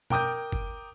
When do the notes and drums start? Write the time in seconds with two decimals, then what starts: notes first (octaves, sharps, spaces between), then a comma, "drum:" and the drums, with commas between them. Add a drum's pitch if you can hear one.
0.10 A#4 G5 D6 D#6 G6, drum: tom B2
0.52 drum: kick F#1